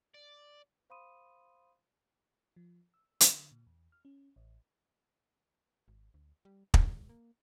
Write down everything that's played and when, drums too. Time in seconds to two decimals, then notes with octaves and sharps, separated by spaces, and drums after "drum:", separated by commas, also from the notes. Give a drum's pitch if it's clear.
0.14 D5
0.90 C5 F5 B5 C6 D#6 D#7
2.56 F3
2.94 E6
3.20 D3, drum: hi-hat
3.51 A#2
3.67 E2
3.92 F6
4.05 C#4
4.36 A1
5.88 G#1
6.14 D2
6.45 G3
6.74 G#3, drum: kick
7.09 A#3